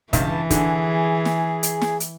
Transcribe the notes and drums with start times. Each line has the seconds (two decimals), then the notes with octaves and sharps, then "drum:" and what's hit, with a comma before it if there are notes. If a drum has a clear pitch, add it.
0.13 C#2 G2 E3 A5, drum: kick, hi-hat
0.50 D3 G#4, drum: kick, hi-hat
1.25 drum: snare
1.63 drum: hi-hat
1.81 drum: snare
2.00 drum: hi-hat